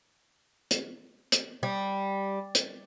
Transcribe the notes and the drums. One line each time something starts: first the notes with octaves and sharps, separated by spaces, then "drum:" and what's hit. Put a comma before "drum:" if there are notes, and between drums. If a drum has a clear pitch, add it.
drum: hi-hat
drum: hi-hat
G3
drum: hi-hat